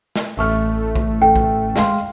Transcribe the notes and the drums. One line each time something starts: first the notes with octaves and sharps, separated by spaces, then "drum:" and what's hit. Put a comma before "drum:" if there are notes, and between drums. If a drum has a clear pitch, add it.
drum: snare
A1 A3 E5 C#6 F6
drum: kick A#1
A4 G5
drum: kick A#1
G#3 F5 C6, drum: snare